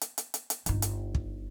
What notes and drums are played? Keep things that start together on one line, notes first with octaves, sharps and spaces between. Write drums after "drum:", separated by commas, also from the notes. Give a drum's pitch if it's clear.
drum: hi-hat
drum: hi-hat
drum: hi-hat
drum: hi-hat
G1 D#4, drum: hi-hat
drum: hi-hat
drum: kick